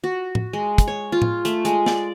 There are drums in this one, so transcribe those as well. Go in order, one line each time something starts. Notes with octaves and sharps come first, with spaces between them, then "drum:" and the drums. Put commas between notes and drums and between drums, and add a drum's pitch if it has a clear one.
F#4
drum: tom A2
G#3
drum: kick, hi-hat
C#5
F4
drum: tom A2
A3, drum: hi-hat
G#3, drum: hi-hat
D5, drum: snare